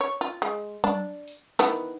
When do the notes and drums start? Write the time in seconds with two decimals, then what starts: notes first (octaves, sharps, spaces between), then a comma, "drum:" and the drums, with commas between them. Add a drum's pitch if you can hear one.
0.01 C#5
0.21 F4
0.42 G#3
0.84 D4, drum: tom F#3
1.28 drum: open hi-hat
1.59 D#3 E3 B3, drum: snare